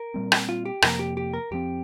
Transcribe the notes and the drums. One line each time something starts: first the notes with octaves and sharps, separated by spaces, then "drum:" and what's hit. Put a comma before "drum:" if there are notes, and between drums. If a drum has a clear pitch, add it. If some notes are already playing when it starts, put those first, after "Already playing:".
Already playing: A#4
A#2 G3 C4
drum: rim click
F4
G4
F2 C3 F3 A#3 A#4, drum: rim click
G4
G4
A#4
F2 F3 C4 G4